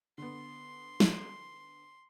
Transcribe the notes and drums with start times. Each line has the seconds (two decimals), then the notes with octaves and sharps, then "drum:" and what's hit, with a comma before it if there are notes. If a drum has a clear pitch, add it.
0.18 D3 B3 C6
1.00 drum: snare